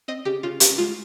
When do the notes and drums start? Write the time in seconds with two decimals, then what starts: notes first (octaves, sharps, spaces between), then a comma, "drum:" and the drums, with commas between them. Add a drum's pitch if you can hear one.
0.08 C4 D#5
0.25 C#3 G4
0.43 C#3 F4
0.60 C#3 G4, drum: hi-hat
0.78 G#3 F4